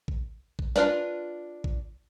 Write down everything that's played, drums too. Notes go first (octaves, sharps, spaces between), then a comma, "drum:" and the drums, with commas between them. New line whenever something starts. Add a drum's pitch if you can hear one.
drum: kick A1
drum: kick A1
D4 F4 A#4 B4 D5, drum: snare
drum: kick A1